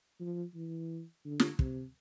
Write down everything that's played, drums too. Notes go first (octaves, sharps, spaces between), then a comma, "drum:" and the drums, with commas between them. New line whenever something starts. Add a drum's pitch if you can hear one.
F3
E3
D3
drum: snare
C3, drum: kick